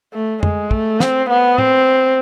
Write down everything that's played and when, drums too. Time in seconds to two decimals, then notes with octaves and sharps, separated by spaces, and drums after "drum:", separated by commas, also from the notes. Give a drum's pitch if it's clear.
0.13 A3
0.43 G#3, drum: tom F2
0.71 A3, drum: kick
1.00 C4, drum: snare
1.29 B3
1.58 C4, drum: tom